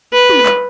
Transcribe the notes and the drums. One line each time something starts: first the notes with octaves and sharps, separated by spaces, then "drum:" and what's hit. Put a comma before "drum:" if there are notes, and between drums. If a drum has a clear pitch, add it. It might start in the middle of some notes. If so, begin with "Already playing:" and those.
B4
drum: tom
drum: clap